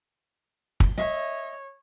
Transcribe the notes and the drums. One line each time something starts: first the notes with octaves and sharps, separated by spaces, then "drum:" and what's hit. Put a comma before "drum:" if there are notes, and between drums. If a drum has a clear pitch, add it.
drum: kick
C#5 D#5 E5